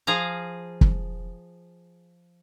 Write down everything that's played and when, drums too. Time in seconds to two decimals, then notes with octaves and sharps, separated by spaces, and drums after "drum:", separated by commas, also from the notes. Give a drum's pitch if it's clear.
0.07 F3 G#4 F5 A#5
0.81 drum: kick